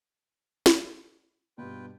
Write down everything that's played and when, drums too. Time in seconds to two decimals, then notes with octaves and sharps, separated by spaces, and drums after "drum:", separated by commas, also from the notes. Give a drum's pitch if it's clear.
0.66 drum: snare
1.58 G2 B2 F4 B4 G5